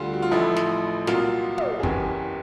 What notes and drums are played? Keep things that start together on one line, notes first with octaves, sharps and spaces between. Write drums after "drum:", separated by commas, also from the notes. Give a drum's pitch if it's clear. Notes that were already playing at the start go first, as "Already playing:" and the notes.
Already playing: D2 D3 G3 F4
F#4
F4
A1 A2 F3 E4
drum: snare
C2 A#2 F#3 F4, drum: snare
drum: tom
G#4
F#1 E2 C#3 E3 G4, drum: kick